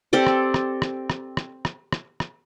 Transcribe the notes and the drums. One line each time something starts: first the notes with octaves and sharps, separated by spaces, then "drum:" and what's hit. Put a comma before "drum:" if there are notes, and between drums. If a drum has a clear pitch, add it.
C4 G4 A4 D5
drum: rim click
drum: rim click
drum: rim click
drum: rim click
drum: rim click
drum: rim click
drum: rim click
drum: rim click